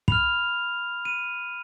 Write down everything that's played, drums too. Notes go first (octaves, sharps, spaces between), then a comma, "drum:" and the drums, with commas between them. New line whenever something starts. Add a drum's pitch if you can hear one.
B5 F6 F7, drum: kick
D#7